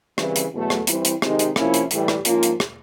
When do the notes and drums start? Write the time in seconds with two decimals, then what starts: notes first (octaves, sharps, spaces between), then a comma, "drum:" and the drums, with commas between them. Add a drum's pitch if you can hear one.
0.18 C#3 E3 G3 C4 E4, drum: rim click
0.36 drum: hi-hat
0.53 E2 B2 F#3 A3
0.70 drum: rim click
0.87 E3 G3 C4 E4, drum: hi-hat
1.05 drum: hi-hat
1.22 C3 D#3 G#3 C4 D#4, drum: rim click
1.39 drum: hi-hat
1.56 C3 F3 A#3 C#4 E4, drum: rim click
1.74 drum: hi-hat
1.91 A2 E3 G3, drum: hi-hat
2.08 drum: rim click
2.25 G#2 F3 A#3 C#4 F4, drum: hi-hat
2.43 drum: hi-hat
2.60 drum: rim click